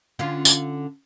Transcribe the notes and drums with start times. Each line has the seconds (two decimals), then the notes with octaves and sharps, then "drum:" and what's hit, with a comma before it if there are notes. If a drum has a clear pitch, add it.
0.19 D3 C#4 F4
0.45 drum: tambourine